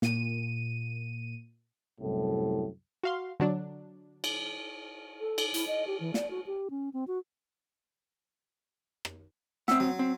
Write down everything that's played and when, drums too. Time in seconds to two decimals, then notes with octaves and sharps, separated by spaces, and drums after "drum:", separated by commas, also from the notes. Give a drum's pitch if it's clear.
0.02 A#2 D#7, drum: snare
2.01 C2 F#2 A2 G3 A3
3.03 F#4 F5 C6
3.40 D3 F#3 D4
4.24 drum: cymbal
5.20 A4
5.38 drum: cymbal
5.54 E4, drum: hi-hat
5.68 D#5
5.87 G4
6.00 E3
6.14 D5, drum: snare
6.31 F#4
6.47 G4
6.70 C#4
6.93 C4
7.07 F#4
9.05 drum: rim click
9.68 C4 E5 F#5, drum: snare
9.80 F#3
9.99 C4